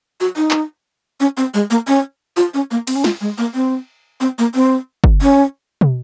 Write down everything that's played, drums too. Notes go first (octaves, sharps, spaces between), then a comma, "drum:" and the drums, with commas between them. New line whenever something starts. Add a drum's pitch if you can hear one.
F#4
D#4
drum: clap
C#4
C4
G#3
A#3
C#4
F4
C#4
A#3
C4, drum: cymbal
C#4
F4, drum: snare
G#3
A#3
C4
C4
A#3
C4
drum: kick
C#4
drum: tom